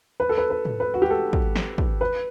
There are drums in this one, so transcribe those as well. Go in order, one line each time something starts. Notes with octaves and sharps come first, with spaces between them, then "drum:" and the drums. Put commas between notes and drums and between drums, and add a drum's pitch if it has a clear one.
B4
A4
B4
B4
drum: tom
B4
F#4
G4
A4
drum: kick
drum: snare
drum: kick
B4